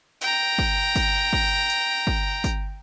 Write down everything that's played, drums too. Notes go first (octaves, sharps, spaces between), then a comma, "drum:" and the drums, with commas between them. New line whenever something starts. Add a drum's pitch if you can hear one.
G5 A#5, drum: tambourine
drum: kick
drum: kick, tambourine
drum: kick
drum: tambourine
drum: kick
drum: kick, tambourine